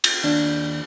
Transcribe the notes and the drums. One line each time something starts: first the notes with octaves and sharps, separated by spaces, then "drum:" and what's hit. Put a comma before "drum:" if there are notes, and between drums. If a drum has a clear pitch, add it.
drum: cymbal
D#2 D4